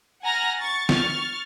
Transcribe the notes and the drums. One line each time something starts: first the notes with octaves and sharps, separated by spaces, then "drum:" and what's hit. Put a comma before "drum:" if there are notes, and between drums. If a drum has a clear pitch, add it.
F#5 G#5 A#5 F6 F#6 A#6
C#6 A6
C#6 F6 A6, drum: snare